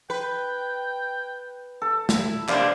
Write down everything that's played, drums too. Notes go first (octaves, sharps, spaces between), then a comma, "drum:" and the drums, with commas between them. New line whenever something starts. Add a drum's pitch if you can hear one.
B4 G5
A4
E4, drum: snare
C3 A#3 D4 C5 D5 F5, drum: clap